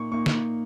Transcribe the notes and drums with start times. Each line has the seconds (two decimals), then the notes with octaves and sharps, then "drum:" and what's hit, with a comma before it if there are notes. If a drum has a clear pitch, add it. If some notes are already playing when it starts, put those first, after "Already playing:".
Already playing: A#2 A#3 D#4 C#6
0.11 A#2 A#3 D#4 C#6
0.26 drum: snare